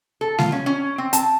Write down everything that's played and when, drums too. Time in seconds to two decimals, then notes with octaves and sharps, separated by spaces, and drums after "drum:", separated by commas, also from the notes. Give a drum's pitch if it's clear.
0.21 A4
0.39 F4, drum: snare G#3
0.52 C#4
0.66 C#4
0.98 C4
1.13 A5, drum: hi-hat